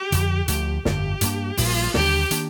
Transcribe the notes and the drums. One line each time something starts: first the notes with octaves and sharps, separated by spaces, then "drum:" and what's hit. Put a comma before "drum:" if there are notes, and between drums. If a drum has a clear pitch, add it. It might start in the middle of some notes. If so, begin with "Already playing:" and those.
Already playing: G4
F2 D3 F3, drum: hi-hat
D2 D3 F3 A3 G4, drum: hi-hat
G1 F2 D3 G4, drum: snare
G2 D#3 A#3 D4, drum: hi-hat
A#1 A#2 G3 F4, drum: open hi-hat
D#2 D3 G3 D4 G4, drum: snare
D#3 A#3 D4, drum: hi-hat